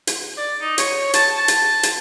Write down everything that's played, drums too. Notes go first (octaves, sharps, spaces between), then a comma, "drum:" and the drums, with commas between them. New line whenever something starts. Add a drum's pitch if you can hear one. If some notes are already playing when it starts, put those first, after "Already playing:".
drum: hi-hat
D5
D#4
C#5, drum: hi-hat
A5, drum: hi-hat
A5
drum: hi-hat
drum: hi-hat